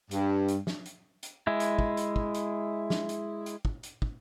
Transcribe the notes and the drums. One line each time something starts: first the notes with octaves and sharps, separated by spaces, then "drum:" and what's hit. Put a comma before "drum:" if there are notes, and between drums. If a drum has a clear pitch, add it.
G2, drum: hi-hat
drum: hi-hat
drum: snare
drum: hi-hat
drum: hi-hat
G#3 E4
drum: hi-hat
drum: kick
drum: hi-hat
drum: kick
drum: hi-hat
drum: snare
drum: hi-hat
drum: hi-hat
drum: kick
drum: hi-hat
drum: kick